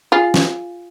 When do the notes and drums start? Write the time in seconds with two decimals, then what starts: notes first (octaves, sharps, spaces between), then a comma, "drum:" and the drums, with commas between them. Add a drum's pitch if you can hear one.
0.12 F4 G#4
0.34 drum: snare